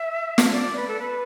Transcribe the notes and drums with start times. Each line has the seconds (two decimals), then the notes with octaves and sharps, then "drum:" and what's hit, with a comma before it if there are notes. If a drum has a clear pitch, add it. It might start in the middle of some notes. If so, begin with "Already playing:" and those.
Already playing: E5
0.38 drum: snare
0.52 D5
0.76 B4
0.88 A4
0.99 B4